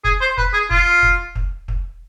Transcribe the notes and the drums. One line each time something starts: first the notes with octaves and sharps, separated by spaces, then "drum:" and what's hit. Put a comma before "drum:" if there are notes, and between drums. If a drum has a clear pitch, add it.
G#4, drum: kick
C5
B4, drum: kick
G#4
F4, drum: kick
drum: kick
drum: kick
drum: kick